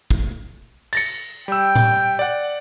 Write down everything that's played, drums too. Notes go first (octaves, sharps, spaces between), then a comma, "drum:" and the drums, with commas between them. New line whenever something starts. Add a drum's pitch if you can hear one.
drum: kick
A6 A#6 C#7, drum: cymbal
G3 G5 E6
drum: tom A2
D5 F#5